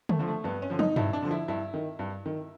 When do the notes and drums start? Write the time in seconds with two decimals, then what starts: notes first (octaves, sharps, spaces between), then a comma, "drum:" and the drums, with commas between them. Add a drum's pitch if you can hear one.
0.09 A3, drum: tom D3
0.19 D3 F3
0.28 A3
0.44 G2 B3
0.62 C#4
0.70 D3 F3
0.79 D#4, drum: tom
0.96 G2 E4, drum: tom G2
1.13 D4
1.23 D3 F3
1.31 E4
1.48 G2 E4
1.74 D#3
1.99 G2
2.26 D#3